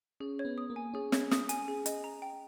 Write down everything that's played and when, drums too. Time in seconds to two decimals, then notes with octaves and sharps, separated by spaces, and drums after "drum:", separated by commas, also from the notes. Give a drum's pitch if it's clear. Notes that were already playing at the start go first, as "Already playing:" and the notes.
0.20 C#4 G#4
0.39 C#5
0.45 B3
0.58 D#6
0.70 A#3
0.76 G#5
0.94 C#4 G#4
1.12 C#5, drum: snare
1.31 D#6, drum: snare
1.49 G#5, drum: hi-hat
1.68 G#4
1.86 D#5, drum: hi-hat
2.04 A#5
2.22 G5